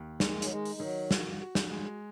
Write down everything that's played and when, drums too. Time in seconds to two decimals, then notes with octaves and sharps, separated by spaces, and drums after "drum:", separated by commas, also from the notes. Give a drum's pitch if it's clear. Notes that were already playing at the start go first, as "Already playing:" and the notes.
Already playing: D#2
0.20 D#3 G#3, drum: snare
0.42 F#3, drum: hi-hat
0.50 G#3 D#4
0.65 drum: open hi-hat
0.75 G#3
0.80 D#3 F#3
1.11 F#4, drum: snare
1.41 F#4
1.55 drum: snare
1.70 G#3